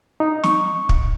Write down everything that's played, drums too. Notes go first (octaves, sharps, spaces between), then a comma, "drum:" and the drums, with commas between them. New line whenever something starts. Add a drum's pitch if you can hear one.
D#4
C#6, drum: snare
drum: kick